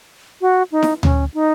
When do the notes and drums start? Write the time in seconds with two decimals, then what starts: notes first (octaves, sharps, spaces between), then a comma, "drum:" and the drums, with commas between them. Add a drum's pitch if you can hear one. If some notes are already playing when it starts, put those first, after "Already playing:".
0.41 F#4
0.72 D#4
0.83 drum: snare E4
1.03 C#4, drum: tom D2
1.34 D#4